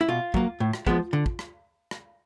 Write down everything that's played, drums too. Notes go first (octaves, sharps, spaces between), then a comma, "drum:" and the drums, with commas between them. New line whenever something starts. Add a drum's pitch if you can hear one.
E4
B2 F4
F#3 A#3, drum: kick
A2
drum: rim click
F3 G#3 B3, drum: kick
D3
drum: kick
drum: rim click
drum: rim click